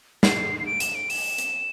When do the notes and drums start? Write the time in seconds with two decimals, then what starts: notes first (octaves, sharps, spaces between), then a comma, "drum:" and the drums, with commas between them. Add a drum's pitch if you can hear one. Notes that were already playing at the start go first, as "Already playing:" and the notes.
0.23 C7, drum: snare
0.60 C7
0.66 D7
0.80 E7, drum: hi-hat
0.95 D7
1.10 E7, drum: open hi-hat
1.38 drum: hi-hat